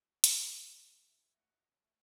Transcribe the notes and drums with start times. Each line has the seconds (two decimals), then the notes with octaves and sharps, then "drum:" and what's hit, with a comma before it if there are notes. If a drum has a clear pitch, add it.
0.08 F#4
0.24 F#4, drum: hi-hat
0.39 A3 G#4 B4
0.56 E4
0.64 G#4
0.71 A3
0.87 A3 G#4 B4
1.03 E4
1.10 E5 G#5
1.18 E4
1.28 E5
1.33 A3 D#5 F#5
1.50 F#4
1.65 C#4
1.82 A3